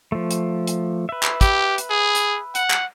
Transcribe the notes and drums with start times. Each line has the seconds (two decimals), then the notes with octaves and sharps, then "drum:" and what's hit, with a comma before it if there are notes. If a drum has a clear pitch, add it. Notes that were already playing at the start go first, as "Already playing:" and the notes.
0.12 F3 A3
0.31 drum: hi-hat
0.67 drum: hi-hat
1.09 B4 E5
1.23 drum: clap
1.41 G4, drum: kick, hi-hat
1.78 drum: hi-hat
1.90 G#4
2.15 drum: hi-hat
2.55 F#5, drum: hi-hat
2.70 drum: clap